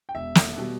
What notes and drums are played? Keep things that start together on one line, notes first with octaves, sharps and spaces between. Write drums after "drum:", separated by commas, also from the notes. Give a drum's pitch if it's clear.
G5
E1 E5
drum: snare
B2 G3